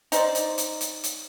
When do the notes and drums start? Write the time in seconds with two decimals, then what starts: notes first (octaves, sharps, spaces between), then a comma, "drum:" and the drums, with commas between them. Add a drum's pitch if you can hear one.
0.12 D#4 C5 D5, drum: hi-hat
0.35 drum: hi-hat
0.58 drum: hi-hat
0.81 drum: hi-hat
1.04 drum: hi-hat